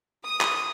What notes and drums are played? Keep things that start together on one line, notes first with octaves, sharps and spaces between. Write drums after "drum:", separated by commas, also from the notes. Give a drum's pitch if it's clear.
D#6
drum: clap